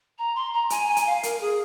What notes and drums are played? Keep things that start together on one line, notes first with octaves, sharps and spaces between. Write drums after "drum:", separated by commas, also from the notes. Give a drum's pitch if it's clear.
A#5
C6
A#5
G#5, drum: hi-hat
G#5
drum: hi-hat
F5
A#4, drum: hi-hat
G#4